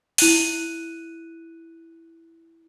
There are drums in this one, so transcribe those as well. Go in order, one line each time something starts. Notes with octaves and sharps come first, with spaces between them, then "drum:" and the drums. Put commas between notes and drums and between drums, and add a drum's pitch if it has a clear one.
E4 F#6 D#7, drum: open hi-hat